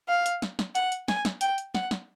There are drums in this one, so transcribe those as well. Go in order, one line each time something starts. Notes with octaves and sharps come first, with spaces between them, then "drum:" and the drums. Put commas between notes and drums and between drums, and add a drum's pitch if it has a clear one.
F5
drum: hi-hat
drum: snare
drum: snare
F#5, drum: hi-hat
drum: hi-hat
G#5, drum: snare
drum: snare
G5, drum: hi-hat
drum: hi-hat
F#5, drum: snare
drum: snare